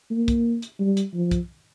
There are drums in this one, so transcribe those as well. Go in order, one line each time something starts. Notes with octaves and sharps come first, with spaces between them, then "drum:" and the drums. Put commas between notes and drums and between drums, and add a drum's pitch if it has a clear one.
A#3
drum: kick, hi-hat
drum: hi-hat
G3
drum: hi-hat
F3
drum: kick, hi-hat